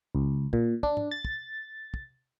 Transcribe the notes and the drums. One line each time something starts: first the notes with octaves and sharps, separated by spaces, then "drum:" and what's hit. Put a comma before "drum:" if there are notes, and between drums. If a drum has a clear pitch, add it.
C#2
A#2, drum: kick
D4, drum: kick
drum: tom G#2
A6
drum: kick
drum: kick